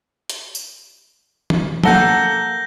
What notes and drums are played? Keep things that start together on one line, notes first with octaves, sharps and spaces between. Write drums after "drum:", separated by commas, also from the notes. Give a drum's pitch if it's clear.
drum: hi-hat
drum: tambourine
drum: tom E3
A#3 A4 F#5 G6 A#6 G7, drum: tom F3